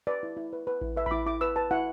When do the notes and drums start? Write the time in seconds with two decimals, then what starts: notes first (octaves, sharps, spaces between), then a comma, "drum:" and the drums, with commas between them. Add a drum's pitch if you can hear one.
0.07 B4 D5
0.23 E4
0.37 E4
0.53 B4
0.67 B4
0.81 E4, drum: kick A1
0.96 B4 E5
1.06 B5, drum: kick A1
1.11 E4 D6
1.26 E4 D6
1.41 B4 E6
1.56 B4 A5
1.71 E4 F#5